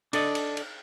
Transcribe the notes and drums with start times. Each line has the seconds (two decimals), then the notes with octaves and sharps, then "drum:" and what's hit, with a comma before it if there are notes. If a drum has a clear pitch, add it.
0.13 D4 A4 D5 D#5, drum: cymbal
0.35 drum: cymbal
0.57 drum: cymbal